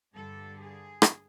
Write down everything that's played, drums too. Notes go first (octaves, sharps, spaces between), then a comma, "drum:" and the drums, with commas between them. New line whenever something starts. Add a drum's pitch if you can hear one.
G2 D3 G3 A4
G#4
drum: rim click